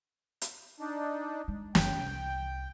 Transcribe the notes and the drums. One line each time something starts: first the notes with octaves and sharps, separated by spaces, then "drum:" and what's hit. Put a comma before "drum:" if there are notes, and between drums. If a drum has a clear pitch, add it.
drum: hi-hat
D4 D#4
G#3
F#1 C4 G5, drum: snare
C2